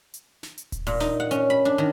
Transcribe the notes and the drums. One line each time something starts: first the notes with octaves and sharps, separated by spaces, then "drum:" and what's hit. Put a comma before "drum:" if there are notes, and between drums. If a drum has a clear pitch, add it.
drum: hi-hat
drum: snare
drum: hi-hat
drum: kick D#1, hi-hat
A#2, drum: open hi-hat
D#4, drum: snare
F#5
C#4, drum: hi-hat
B5
D4
D#3